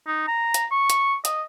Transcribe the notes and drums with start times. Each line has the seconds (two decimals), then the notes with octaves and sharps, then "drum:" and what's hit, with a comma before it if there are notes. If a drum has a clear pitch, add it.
0.07 D#4
0.28 A#5
0.54 drum: hi-hat
0.71 C#6
0.90 drum: hi-hat
1.25 D#5, drum: hi-hat